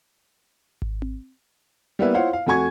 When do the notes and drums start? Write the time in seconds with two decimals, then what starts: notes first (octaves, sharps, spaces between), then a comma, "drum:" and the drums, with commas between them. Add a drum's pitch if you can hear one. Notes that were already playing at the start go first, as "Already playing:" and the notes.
0.82 drum: kick G#1
1.02 drum: tom C4
1.99 G3 A#3 B3 E4 B4 E5
2.14 E4 F4 C5 C#5 F5 F#5
2.33 F5
2.46 F2 A3 F#4 G#5 C#6 G#6